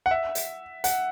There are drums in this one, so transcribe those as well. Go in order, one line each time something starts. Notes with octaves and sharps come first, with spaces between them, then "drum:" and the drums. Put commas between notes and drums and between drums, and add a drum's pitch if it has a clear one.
F#5
E5
drum: hi-hat
F#5, drum: hi-hat